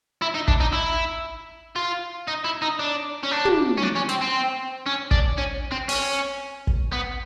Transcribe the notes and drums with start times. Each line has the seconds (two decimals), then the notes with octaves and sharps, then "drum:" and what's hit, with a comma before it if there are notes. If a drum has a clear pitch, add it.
0.22 E4
0.34 D#4
0.48 D4, drum: kick
0.60 D#4
0.73 E4
1.76 F4
2.28 D#4
2.44 E4
2.62 D#4
2.79 D4
3.23 C#4
3.31 D4
3.45 drum: tom
3.78 C#4
3.82 D4
3.95 C#4
4.09 C4, drum: hi-hat
4.21 C4
4.86 C#4
5.11 D4, drum: kick
5.38 C#4
5.72 C4
5.89 C#4, drum: open hi-hat
6.67 drum: kick
6.93 B3